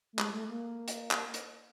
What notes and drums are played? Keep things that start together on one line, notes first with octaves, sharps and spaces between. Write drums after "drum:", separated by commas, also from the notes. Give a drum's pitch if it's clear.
A3
G#3, drum: clap
A3
A#3
drum: hi-hat
drum: clap
drum: hi-hat